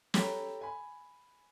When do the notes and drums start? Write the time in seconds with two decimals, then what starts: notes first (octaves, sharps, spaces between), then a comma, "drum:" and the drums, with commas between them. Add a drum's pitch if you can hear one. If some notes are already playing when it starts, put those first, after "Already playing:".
0.14 G4 A4 C#5 G5 A#5 B5, drum: snare
0.61 G#5 B5